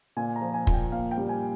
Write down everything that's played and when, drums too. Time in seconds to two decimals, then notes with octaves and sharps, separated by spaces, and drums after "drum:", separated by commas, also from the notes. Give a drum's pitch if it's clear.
0.16 A#2 G#5
0.36 A#5
0.42 F3
0.54 G#5
0.67 A#2, drum: kick
0.73 G5
0.92 A#3 F5
1.11 G5
1.17 G3
1.29 G#5